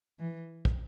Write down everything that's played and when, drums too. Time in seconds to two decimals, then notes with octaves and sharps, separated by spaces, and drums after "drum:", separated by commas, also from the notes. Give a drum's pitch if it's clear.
0.19 E3
0.65 drum: kick